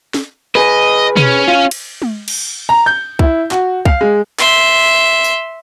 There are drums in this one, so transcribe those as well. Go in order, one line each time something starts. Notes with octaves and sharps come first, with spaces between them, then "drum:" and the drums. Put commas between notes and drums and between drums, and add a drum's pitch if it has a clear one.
drum: snare
G#4 B4 D#5
C#4, drum: tom B2
F4
drum: cymbal
drum: tom G#3
drum: cymbal
A#5
G6
E4, drum: kick C2
F#4, drum: clap
F5, drum: kick C2
G#3
E5 C6, drum: clap
drum: tambourine